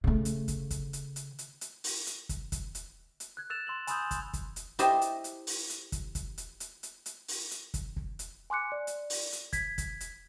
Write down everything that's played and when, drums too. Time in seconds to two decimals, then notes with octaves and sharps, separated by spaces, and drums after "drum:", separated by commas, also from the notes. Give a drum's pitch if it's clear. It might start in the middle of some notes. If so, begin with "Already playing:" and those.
0.04 C#3 A3
0.25 drum: hi-hat
0.48 drum: kick, hi-hat
0.71 drum: kick, hi-hat
0.93 drum: hi-hat
1.16 drum: hi-hat
1.39 drum: hi-hat
1.61 drum: hi-hat
1.84 drum: open hi-hat
2.07 drum: hi-hat
2.29 drum: kick, hi-hat
2.52 drum: kick, hi-hat
2.75 drum: hi-hat
3.20 drum: hi-hat
3.37 F#6 G#6
3.50 E6 F#6 A6 E7 F7
3.67 C6 E6 F#7
3.87 G#5 B5 C6 D#6 E6 G6, drum: hi-hat
4.11 drum: kick, hi-hat
4.33 drum: kick, hi-hat
4.56 drum: hi-hat
4.79 E4 G4 C5 D#5 A5 C6, drum: hi-hat
5.01 drum: hi-hat
5.24 drum: hi-hat
5.47 drum: open hi-hat
5.70 drum: hi-hat
5.92 drum: kick, hi-hat
6.15 drum: kick, hi-hat
6.38 drum: hi-hat
6.60 drum: hi-hat
6.83 drum: hi-hat
7.06 drum: hi-hat
7.28 drum: open hi-hat
7.51 drum: hi-hat
7.74 drum: kick, hi-hat
7.96 drum: kick
8.19 drum: hi-hat
8.50 G#5 C6 D6 F#6 C#7
8.72 D5
8.87 drum: hi-hat
9.10 drum: open hi-hat
9.32 drum: hi-hat
9.53 G#6 B6, drum: kick, hi-hat
9.78 drum: kick, hi-hat
10.01 drum: hi-hat